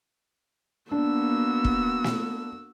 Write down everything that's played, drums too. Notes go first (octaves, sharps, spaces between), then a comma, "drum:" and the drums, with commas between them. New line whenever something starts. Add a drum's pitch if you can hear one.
A#3 B3 D4 F#4 E6
drum: kick
drum: snare